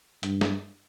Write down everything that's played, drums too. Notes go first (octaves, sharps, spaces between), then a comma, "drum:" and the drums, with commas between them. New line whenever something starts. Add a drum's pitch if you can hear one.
G2, drum: hi-hat
drum: snare